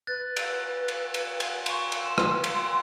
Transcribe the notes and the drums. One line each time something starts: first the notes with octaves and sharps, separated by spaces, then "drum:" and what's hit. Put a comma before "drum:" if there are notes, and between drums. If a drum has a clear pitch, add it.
B4 F#6 A6
drum: cymbal
drum: cymbal
drum: cymbal
drum: cymbal
C6 C#6, drum: cymbal
drum: cymbal
C6 E7
drum: rim click
drum: cymbal